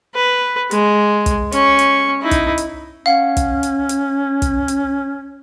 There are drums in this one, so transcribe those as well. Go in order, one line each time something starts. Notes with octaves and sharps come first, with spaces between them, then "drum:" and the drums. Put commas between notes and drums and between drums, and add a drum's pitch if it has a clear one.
B4
G#3, drum: hi-hat
drum: kick, hi-hat
C#4 C#6, drum: hi-hat
drum: hi-hat
D#4 E4
drum: kick, hi-hat
drum: hi-hat
C#4 F5 F#5
drum: kick, hi-hat
drum: hi-hat
drum: hi-hat
drum: kick, hi-hat
drum: hi-hat